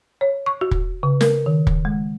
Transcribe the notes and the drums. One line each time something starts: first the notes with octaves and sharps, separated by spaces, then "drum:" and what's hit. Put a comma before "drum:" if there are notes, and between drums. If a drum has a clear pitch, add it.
C#5
C#6
F#4
drum: kick
C#3
A#4, drum: snare
D#3
drum: kick
G#3